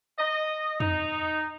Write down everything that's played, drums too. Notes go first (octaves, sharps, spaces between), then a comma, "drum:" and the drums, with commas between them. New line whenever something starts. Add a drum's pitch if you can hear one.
D#5
D#4, drum: tom